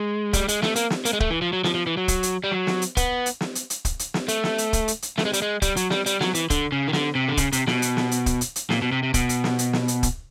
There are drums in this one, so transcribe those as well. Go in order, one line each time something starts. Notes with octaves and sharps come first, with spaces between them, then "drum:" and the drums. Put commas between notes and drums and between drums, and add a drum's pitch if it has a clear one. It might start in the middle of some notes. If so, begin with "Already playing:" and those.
Already playing: G#3
G3, drum: kick, hi-hat
G#3, drum: hi-hat
A3, drum: snare
A#3, drum: hi-hat
drum: snare
A#3, drum: hi-hat
G#3
A3, drum: kick
E3
F3
F#3
F3, drum: snare
F3
E3
F#3
drum: kick, hi-hat
drum: hi-hat
G3
F#3
drum: snare
drum: hi-hat
B3, drum: kick, hi-hat
drum: hi-hat
drum: snare
drum: hi-hat
drum: hi-hat
drum: kick, hi-hat
drum: hi-hat
drum: snare
A3, drum: hi-hat
drum: snare
drum: hi-hat
drum: kick, hi-hat
drum: hi-hat
drum: hi-hat
A3, drum: snare
G#3
G3, drum: hi-hat
G#3
G3, drum: kick, hi-hat
F#3, drum: hi-hat
G3, drum: snare
G3, drum: hi-hat
F#3, drum: snare
E3, drum: hi-hat
D3, drum: kick, hi-hat
C#3
D#3
D3, drum: snare
C3
D3
C#3, drum: kick, hi-hat
C3, drum: hi-hat
B2, drum: snare
drum: hi-hat
drum: snare
drum: hi-hat
drum: kick, hi-hat
drum: hi-hat
drum: hi-hat
A#2, drum: snare
B2
C3
C3
B2, drum: kick, hi-hat
drum: hi-hat
drum: snare
drum: hi-hat
drum: snare
drum: hi-hat
drum: kick, hi-hat